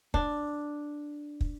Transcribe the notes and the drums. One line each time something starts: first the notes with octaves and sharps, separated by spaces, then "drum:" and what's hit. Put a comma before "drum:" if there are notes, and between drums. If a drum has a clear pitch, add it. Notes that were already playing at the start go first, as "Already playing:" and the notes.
D4, drum: kick
drum: kick